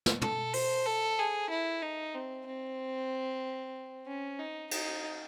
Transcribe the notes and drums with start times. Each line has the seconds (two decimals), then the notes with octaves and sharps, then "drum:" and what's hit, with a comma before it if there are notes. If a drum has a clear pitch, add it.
0.06 drum: snare
0.21 A4, drum: tom
0.54 C5, drum: open hi-hat
0.86 A4
1.19 G#4
1.50 E4
1.82 D#4
2.15 C4
2.46 C4
4.07 C#4
4.39 D#4
4.71 D#4, drum: cymbal